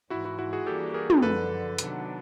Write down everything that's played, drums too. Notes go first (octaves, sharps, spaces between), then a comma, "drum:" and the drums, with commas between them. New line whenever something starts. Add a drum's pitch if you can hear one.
G#2 E3 G#3 E4 F#4
E4 F#4
E4 F#4
F#4 G#4
E3 G3 A#3 D4 G4 A4
G#4 A#4
drum: tom
F#2 D3 F3 A4 B4
C3 D#3 F#3 B3 D4, drum: hi-hat